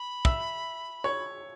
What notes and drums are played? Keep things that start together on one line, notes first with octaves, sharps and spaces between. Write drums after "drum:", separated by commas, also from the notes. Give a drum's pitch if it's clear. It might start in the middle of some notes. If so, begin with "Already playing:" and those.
Already playing: B5
E5 E6, drum: kick
C#5 C#6